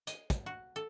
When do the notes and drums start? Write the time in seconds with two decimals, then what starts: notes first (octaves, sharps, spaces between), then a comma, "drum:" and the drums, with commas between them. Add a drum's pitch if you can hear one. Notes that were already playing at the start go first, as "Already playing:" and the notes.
0.07 D#5, drum: hi-hat
0.30 drum: kick, hi-hat
0.46 F#4
0.76 A4